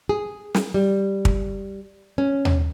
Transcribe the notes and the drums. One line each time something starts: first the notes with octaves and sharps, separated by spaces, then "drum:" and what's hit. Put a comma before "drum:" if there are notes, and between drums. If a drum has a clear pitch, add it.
G#4
drum: snare
G3
drum: kick
C#4
drum: tom D#2